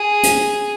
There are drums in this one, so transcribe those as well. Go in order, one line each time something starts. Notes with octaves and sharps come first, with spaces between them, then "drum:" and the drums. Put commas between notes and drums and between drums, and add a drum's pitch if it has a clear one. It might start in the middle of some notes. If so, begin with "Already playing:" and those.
Already playing: G#4
drum: hi-hat